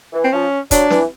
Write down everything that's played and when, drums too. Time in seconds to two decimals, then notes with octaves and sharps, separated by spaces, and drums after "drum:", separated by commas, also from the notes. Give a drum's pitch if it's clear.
0.13 E3
0.24 C4
0.32 F3 C#4
0.71 F#3 D4, drum: kick, hi-hat
0.90 E3, drum: snare